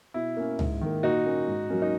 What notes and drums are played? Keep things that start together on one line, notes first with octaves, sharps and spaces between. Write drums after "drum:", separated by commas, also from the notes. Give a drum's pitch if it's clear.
B2 E4
A#3 C#4
G#2, drum: tom C#2
D#3 A#3
A#2 D#4 F#4
A#3 C#4
G#2
F#3 A#3 C#4
D#4